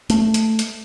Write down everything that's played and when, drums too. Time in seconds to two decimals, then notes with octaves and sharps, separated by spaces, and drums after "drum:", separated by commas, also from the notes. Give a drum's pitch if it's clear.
0.10 A3, drum: hi-hat
0.34 drum: hi-hat
0.59 drum: hi-hat